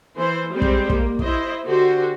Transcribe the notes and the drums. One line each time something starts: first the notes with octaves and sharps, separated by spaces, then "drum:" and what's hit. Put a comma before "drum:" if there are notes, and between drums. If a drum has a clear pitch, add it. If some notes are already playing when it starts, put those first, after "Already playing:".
E3 C5
G3 G#3 C4 G4 C5
drum: kick
A#3, drum: kick
E4 C5 D#5, drum: kick
D3 F#4 G4 C5